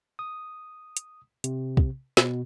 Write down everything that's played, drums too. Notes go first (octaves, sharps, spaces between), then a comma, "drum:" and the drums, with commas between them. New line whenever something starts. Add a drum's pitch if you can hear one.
D#6
drum: hi-hat
C3, drum: hi-hat
drum: kick
B2, drum: snare